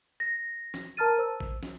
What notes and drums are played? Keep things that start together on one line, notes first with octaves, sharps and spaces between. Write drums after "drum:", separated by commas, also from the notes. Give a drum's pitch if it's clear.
A#6
drum: snare
A#4 A5 A#5 F6 A6 D#7
C5 E6
drum: kick A1
drum: snare